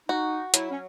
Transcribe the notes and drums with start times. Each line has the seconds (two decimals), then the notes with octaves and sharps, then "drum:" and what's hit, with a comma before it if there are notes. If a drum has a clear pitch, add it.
0.09 D#4 F#4
0.54 F#3 E4, drum: hi-hat
0.71 C#4